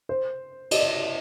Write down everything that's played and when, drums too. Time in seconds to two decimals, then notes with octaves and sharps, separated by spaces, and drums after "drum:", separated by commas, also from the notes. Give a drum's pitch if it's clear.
0.09 C5
0.71 D#5, drum: cymbal
0.80 D5